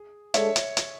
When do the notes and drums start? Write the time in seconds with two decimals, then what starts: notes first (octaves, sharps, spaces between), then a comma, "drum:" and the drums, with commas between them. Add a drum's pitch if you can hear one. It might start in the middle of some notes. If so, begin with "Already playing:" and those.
Already playing: G#4
0.34 G#3 D4 A4 C#5 E5, drum: hi-hat
0.56 drum: hi-hat
0.77 drum: hi-hat